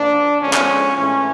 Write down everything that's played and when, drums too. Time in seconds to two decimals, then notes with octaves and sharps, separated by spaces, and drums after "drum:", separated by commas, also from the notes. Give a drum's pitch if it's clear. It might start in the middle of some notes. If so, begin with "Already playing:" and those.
Already playing: A#2 F3 A#3 D4
0.41 D3 F3 G#3 B3 C#4
0.53 drum: clap
0.96 A2 E3 G#3 C#4